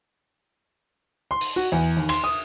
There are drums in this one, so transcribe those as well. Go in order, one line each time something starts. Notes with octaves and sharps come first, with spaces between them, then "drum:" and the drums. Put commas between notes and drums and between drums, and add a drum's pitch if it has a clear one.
C6
drum: open hi-hat
F#4
E2
D#2
C6, drum: cymbal
D#6